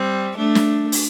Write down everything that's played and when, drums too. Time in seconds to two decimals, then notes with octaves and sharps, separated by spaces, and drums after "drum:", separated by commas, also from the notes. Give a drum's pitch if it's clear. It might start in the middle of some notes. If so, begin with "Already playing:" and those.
Already playing: G3 C4
0.37 A3 D4
0.55 drum: snare
0.92 drum: open hi-hat